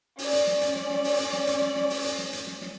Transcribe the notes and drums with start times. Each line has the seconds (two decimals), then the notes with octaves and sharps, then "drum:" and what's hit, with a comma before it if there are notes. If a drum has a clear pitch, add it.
0.19 C#4 D5, drum: open hi-hat
0.33 drum: hi-hat
0.47 drum: snare
0.61 drum: hi-hat
0.76 drum: snare
0.90 drum: snare
1.04 drum: open hi-hat
1.18 drum: hi-hat
1.33 drum: snare
1.47 drum: hi-hat
1.61 drum: snare
1.76 drum: snare
1.90 drum: open hi-hat
2.04 drum: hi-hat
2.18 drum: snare
2.33 drum: hi-hat
2.47 drum: snare
2.61 drum: snare